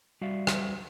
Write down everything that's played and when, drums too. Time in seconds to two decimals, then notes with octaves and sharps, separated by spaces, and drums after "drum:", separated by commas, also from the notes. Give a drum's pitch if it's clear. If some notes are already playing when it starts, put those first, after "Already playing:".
0.21 G3 F#4 D5 E5 F5
0.47 drum: rim click